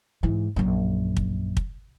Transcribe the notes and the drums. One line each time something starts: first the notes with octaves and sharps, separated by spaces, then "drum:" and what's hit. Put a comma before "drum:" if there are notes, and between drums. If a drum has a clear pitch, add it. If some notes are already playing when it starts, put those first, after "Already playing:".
G#2 E3
A#1 F#2
drum: kick
drum: kick